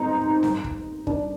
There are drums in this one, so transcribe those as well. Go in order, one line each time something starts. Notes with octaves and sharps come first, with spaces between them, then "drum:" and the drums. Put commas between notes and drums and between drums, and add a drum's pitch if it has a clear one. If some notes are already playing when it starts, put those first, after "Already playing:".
Already playing: C4 D#4
drum: snare C4
drum: kick
D4, drum: kick